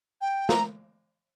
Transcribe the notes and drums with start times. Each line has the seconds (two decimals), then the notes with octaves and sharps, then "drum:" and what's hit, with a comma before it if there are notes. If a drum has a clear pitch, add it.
0.21 G5
0.49 A#5, drum: snare